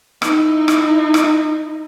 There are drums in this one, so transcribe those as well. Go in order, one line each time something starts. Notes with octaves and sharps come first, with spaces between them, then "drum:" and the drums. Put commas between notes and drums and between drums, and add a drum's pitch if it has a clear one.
D#4 E4, drum: rim click
drum: rim click
drum: rim click